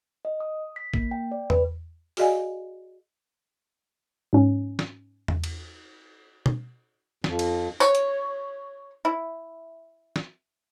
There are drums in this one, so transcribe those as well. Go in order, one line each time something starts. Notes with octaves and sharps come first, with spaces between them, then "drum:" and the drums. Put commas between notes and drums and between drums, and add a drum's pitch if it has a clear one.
D#5
D#6
B6
A#3, drum: kick
G5
D5
B4, drum: tom E2
F#4 G#4 D5 D#5 F5 G#5, drum: open hi-hat
G#2 C#4
drum: snare
drum: tom E2
drum: cymbal
drum: tom B2
F2, drum: snare
drum: cymbal
C#5, drum: tambourine
drum: hi-hat
E4
drum: snare